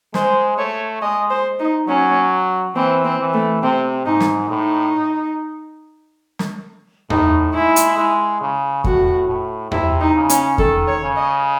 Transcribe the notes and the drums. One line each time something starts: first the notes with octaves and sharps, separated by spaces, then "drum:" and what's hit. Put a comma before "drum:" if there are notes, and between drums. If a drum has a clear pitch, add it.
G#3 C5, drum: snare
A3 C#5
G#3 D#5
C5
D#4
F#3 C#4
E3 C4
C4
E3
A3
C3 C4
G#2 D#4
drum: snare
A2 D#4
drum: snare
A2 D#4, drum: tom E2
G#3 E4
drum: hi-hat
G#3
C#3
A2 F#4, drum: kick E2
A2
C3 E4, drum: tom E2
D#4
C#3
C#4, drum: hi-hat
D#3 A4, drum: kick E2
C#5
C#3
D#5